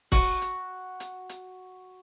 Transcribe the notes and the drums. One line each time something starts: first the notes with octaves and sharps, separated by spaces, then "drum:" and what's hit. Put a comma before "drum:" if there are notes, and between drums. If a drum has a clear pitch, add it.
F#4, drum: kick, open hi-hat
drum: hi-hat
drum: hi-hat
drum: hi-hat